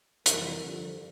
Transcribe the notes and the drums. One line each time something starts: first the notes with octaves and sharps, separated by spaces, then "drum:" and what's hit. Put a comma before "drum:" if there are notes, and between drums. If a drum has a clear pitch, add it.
F2 C3 E3 G3 A#4, drum: hi-hat
G2 D3 F3